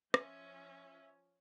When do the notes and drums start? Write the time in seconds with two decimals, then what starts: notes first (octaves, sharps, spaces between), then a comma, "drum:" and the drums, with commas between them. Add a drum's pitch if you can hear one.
0.14 F3 C#4 E5, drum: rim click